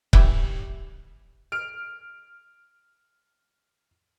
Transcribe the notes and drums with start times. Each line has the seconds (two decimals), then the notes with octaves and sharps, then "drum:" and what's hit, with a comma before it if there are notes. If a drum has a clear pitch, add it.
0.13 G4 B4 E5 G5 G#5, drum: kick C#1
1.52 F6 D7